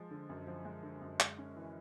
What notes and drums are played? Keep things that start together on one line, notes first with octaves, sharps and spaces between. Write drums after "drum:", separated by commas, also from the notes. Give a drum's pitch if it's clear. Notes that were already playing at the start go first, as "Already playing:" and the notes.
Already playing: F3 G#3
D3
F#2
F3
G#3
D3
F#2
G#3, drum: clap
C#4
E3